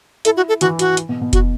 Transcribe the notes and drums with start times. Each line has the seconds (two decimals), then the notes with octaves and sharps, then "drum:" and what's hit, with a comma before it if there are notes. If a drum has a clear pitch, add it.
0.25 E4 A4, drum: hi-hat
0.37 F#4
0.48 A4
0.61 E3 F#4, drum: hi-hat
0.79 F#4, drum: hi-hat
0.97 drum: hi-hat
1.09 B2
1.21 B2
1.33 F#4, drum: kick F1, hi-hat